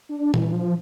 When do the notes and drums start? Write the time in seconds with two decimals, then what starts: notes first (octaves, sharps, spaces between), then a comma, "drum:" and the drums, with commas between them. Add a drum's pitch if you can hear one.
0.09 D4
0.34 E3, drum: tom A#2
0.53 F3